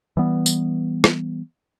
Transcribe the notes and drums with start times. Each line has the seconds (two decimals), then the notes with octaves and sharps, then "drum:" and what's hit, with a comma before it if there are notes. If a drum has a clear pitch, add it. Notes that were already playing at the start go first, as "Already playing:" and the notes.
0.17 E3 G3 B3
0.46 drum: tambourine
1.04 drum: rim click